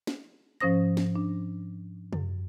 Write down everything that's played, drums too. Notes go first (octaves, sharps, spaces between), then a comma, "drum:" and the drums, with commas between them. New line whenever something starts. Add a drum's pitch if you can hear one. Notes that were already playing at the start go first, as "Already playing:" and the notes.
drum: snare
G#2 F3 C#4 C5 D#6 A#6
drum: snare
D4
F#2, drum: tom C3